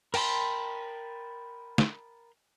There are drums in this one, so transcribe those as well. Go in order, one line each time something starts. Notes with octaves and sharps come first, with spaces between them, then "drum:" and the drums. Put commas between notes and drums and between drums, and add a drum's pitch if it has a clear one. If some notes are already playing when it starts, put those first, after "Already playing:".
A#4 G5 A5 B5 C6, drum: cymbal
drum: snare